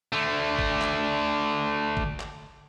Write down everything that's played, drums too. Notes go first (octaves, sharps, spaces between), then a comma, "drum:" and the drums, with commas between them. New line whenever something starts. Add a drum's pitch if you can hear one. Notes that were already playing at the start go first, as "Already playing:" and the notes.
D3 A3
drum: kick
drum: clap
drum: kick
drum: clap